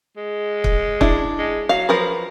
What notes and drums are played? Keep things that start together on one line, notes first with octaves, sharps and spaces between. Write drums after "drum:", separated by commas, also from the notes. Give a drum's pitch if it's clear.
G#3
drum: kick
D4 E4, drum: kick
G#3
F#3 F5
F3 A#4 B4